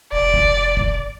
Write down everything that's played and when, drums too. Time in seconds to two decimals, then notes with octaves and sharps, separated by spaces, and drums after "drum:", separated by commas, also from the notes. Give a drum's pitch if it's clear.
0.12 F1 D5
0.34 drum: kick
0.77 drum: kick